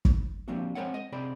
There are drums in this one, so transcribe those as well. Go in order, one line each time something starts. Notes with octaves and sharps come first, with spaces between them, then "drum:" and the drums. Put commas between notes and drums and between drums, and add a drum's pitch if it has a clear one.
drum: kick
F3 G3 A#3 C4 D4 F#4
G#3 C4 A#4 C#5 F#5
D#5
C3 C4 G#4 C5 D5 B5